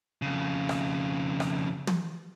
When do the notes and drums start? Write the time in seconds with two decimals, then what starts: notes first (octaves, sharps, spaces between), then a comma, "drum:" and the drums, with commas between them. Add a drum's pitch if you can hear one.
0.22 F2 C#3
0.69 drum: rim click
1.40 drum: rim click
1.87 drum: tom